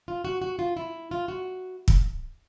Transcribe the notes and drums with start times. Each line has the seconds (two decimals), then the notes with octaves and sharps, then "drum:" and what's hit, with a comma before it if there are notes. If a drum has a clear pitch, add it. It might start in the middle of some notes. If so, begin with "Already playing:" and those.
0.08 F4
0.25 F#4
0.42 F#4
0.59 F4
0.77 E4
1.11 F4
1.28 F#4
1.88 drum: kick